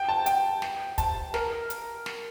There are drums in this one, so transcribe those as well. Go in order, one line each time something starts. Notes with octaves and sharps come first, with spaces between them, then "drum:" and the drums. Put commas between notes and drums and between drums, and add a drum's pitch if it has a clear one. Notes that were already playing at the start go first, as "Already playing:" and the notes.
Already playing: G5
A5
G5, drum: hi-hat
drum: snare
A5, drum: kick, hi-hat
A#4, drum: snare
drum: hi-hat
drum: snare